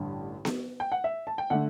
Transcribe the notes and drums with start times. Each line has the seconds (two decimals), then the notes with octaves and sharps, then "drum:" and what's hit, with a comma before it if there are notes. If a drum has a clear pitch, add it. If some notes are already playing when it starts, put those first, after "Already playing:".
Already playing: A1 G2 D3
0.45 drum: snare B3
0.80 G5
0.92 F#5
1.04 E5
1.27 A5
1.38 G5
1.50 D3 A3 F#5